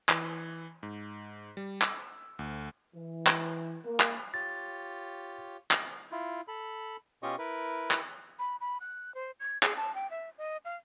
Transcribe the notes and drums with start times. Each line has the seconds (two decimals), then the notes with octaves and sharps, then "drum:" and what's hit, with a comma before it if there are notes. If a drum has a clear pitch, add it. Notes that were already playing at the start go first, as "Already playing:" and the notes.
0.09 E3, drum: clap
0.83 G#2
1.57 G3
1.82 E6, drum: clap
2.39 D2
2.95 E3
3.27 drum: clap
3.85 A#3
4.00 drum: clap
4.34 F4 G4 C#5 A6
5.71 drum: clap
6.12 E4 F4
6.48 A4 B5
7.23 B2 C#4 F4 G4 D#5 C#6
7.39 E4 A#4 B4
7.91 drum: clap
8.39 B5
8.61 B5
8.81 F#6
9.15 C5
9.40 G#6
9.63 G#4, drum: clap
9.76 A5
9.95 G5
10.11 E5
10.38 D#5
10.65 F5